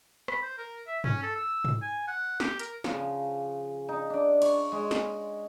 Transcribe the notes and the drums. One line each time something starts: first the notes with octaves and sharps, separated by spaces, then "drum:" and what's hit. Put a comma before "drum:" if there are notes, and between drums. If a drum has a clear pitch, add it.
B5, drum: rim click
C5
A#4
E5
C#4, drum: tom
A4
E6
drum: tom G#2
G#5
F#5
G4, drum: snare
A#4, drum: hi-hat
C#3 F3, drum: snare
D#4
D4 D5
C#5, drum: cymbal
G#3
drum: snare